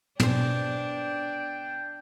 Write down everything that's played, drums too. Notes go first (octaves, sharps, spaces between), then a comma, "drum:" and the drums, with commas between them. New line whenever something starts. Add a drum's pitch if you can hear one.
B2 D4 G#4 C5 G5, drum: tom